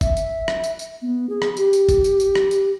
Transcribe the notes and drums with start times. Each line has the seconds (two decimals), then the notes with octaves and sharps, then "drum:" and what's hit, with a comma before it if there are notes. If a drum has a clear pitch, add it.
0.01 E5, drum: kick G1, tambourine
0.17 drum: tambourine
0.48 drum: rim click
0.64 drum: tambourine
0.79 drum: tambourine
1.02 B3
1.29 G#4
1.42 drum: rim click
1.57 G4, drum: tambourine
1.73 drum: tambourine
1.89 drum: kick G1, tambourine
2.04 drum: tambourine
2.20 drum: tambourine
2.35 drum: rim click
2.51 drum: tambourine